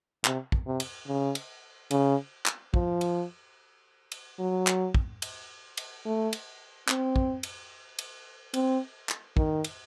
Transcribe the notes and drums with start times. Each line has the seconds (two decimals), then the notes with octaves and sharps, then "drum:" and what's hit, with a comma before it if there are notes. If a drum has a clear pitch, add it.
0.25 C3, drum: clap
0.52 drum: kick
0.66 C3
0.80 drum: cymbal
1.07 C#3
1.35 drum: cymbal
1.91 C#3, drum: cymbal
2.46 drum: clap
2.74 F3, drum: kick
3.01 drum: cymbal
4.12 drum: cymbal
4.39 F#3
4.67 drum: clap
4.95 drum: kick
5.22 drum: cymbal
5.77 drum: cymbal
6.05 A3
6.33 drum: cymbal
6.88 C4, drum: clap
7.16 drum: kick
7.43 drum: cymbal
7.99 drum: cymbal
8.54 C4, drum: cymbal
9.09 drum: clap
9.37 D#3, drum: kick
9.64 drum: cymbal